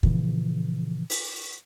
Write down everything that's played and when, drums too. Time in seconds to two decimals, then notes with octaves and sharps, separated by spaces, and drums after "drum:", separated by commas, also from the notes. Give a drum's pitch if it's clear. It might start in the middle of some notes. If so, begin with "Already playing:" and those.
0.03 A#2 C#3 E3 F3, drum: kick
1.10 drum: open hi-hat